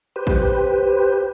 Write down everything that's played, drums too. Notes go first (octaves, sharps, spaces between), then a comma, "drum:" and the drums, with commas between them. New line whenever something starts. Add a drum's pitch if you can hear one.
G4 B4 C5
drum: kick